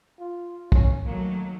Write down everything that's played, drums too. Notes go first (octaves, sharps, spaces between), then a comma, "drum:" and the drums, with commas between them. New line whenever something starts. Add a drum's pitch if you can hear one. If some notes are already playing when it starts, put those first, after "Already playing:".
F4
C#4, drum: kick
D#3 F#3 A3 A#3